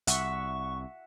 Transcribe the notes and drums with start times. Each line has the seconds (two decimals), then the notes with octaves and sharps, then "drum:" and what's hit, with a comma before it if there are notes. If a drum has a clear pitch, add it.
0.07 C2 E5 F#5 C#6, drum: hi-hat